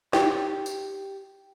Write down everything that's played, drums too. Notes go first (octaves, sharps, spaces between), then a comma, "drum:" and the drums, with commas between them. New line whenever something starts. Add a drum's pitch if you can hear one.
G4, drum: snare
drum: tambourine